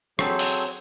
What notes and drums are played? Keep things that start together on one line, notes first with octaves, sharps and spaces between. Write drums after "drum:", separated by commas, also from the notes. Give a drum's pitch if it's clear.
F#3 C4 G#4 A4 C5 C#5, drum: rim click
drum: open hi-hat